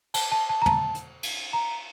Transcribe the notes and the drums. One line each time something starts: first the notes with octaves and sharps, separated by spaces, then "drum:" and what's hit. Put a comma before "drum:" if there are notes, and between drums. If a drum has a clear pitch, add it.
A5, drum: cymbal
A5
A5
A#5
A5, drum: tom
drum: hi-hat
drum: cymbal
A#5